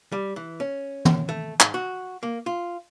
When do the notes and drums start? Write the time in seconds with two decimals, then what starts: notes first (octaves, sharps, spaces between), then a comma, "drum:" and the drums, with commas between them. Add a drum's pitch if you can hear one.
0.12 G3
0.36 E3
0.60 C#4
1.05 drum: tom
1.29 A3
1.60 G#2, drum: clap
1.74 F#4
2.23 A#3
2.46 F4